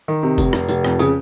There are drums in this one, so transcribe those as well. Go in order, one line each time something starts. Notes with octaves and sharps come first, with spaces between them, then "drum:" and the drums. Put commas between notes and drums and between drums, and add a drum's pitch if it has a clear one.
D#3
C3
F1, drum: kick F#1, tambourine
F1, drum: rim click
F1, drum: tambourine
F2, drum: rim click
C#3, drum: tambourine